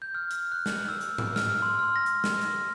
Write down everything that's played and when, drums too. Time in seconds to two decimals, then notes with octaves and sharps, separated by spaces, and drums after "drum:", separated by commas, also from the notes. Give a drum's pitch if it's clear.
0.02 G6
0.15 F6
0.31 drum: hi-hat
0.52 F#6
0.66 drum: snare
0.89 E6
1.01 drum: hi-hat
1.18 drum: tom G#2
1.36 F6, drum: snare
1.62 C6
1.79 F6
1.96 A#6
2.06 drum: hi-hat
2.24 drum: snare
2.41 drum: hi-hat